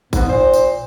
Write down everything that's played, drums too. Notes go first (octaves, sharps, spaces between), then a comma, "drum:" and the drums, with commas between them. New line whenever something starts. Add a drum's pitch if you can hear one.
G#2 B3, drum: kick A1, tambourine
A#2 C5
drum: tambourine